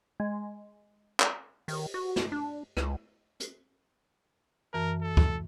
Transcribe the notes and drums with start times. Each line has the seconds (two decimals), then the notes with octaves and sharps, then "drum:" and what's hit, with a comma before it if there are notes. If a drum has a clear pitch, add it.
0.20 G#3
1.20 drum: clap
1.68 D#3, drum: open hi-hat
1.94 F#4
2.16 drum: snare
2.32 D4
2.77 C#2, drum: rim click
3.40 drum: hi-hat
4.73 F#2 E3 A#4 A5
5.01 A4
5.17 drum: kick D2